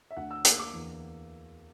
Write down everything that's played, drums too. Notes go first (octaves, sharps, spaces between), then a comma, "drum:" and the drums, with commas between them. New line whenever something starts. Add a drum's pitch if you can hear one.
E5
D2 F#5
E6
A#3 E6, drum: hi-hat
D6
E2